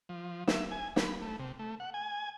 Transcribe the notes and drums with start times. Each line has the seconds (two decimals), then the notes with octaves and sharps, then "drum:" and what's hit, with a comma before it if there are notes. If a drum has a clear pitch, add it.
0.09 F3
0.47 E5, drum: snare
0.72 G#5
0.96 B5, drum: snare
1.21 A3
1.39 C3
1.59 A3
1.80 F#5
1.94 G#5